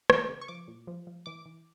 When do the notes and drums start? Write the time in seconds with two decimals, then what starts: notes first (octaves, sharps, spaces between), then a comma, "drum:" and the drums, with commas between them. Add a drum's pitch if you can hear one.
0.10 E3, drum: rim click
0.29 C#3
0.41 C#6
0.48 F3 D6
0.68 A#2
0.87 F3
1.07 F3
1.26 E3 D6
1.46 E3